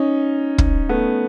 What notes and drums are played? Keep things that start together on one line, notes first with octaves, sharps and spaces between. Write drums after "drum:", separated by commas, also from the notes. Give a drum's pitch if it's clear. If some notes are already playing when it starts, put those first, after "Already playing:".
Already playing: C#4 D#4
drum: kick
A3 B3